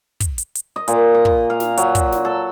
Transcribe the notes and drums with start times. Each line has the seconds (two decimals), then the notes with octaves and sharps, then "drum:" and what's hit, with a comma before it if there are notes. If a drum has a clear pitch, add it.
0.20 drum: kick, hi-hat
0.38 drum: hi-hat
0.55 drum: hi-hat
0.76 D#5
0.88 A#2, drum: hi-hat
1.14 D#5
1.25 drum: kick
1.50 F5
1.60 drum: snare
1.77 F#3, drum: hi-hat
1.95 drum: kick, hi-hat
2.12 drum: snare
2.25 A4